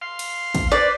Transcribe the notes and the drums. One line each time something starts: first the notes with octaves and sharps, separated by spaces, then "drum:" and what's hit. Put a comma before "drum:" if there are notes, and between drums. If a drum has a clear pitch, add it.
F5 C6
drum: cymbal
drum: kick, cymbal
B4 C5 D5